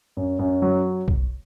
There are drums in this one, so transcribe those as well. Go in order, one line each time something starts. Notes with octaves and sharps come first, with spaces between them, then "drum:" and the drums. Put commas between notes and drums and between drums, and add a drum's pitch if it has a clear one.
F#2
F#2
F#3
drum: kick B1